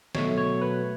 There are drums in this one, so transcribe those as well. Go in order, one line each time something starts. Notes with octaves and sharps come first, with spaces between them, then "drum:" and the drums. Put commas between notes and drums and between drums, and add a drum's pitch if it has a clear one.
B2 F#3 A3 C#5, drum: snare
C#5
B4